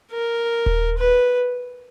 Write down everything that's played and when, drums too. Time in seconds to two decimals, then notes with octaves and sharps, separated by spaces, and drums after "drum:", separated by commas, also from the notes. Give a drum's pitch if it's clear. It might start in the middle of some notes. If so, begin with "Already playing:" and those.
0.11 A#4
0.66 drum: kick D#1
0.98 B4